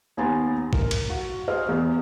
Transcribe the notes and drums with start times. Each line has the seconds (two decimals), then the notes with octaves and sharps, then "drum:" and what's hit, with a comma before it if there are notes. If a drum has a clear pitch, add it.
0.17 D#2 B3 G#5 A#5 C6 A6
0.73 A#4, drum: kick
0.91 drum: cymbal
1.10 F#4
1.48 F#4 G#4 C5 D#5 C6 F6
1.69 E2